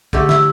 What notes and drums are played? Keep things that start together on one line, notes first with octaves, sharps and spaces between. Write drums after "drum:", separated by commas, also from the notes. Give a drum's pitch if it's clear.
D3 A3 G4, drum: kick
E4, drum: snare